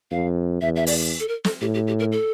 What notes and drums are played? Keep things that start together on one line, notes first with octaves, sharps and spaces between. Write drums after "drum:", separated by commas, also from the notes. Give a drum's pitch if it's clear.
F2 F5
E2 E5
E5
D5, drum: open hi-hat
A4
A#4
A4, drum: snare
A2 G4
G4
G4
A#4
A4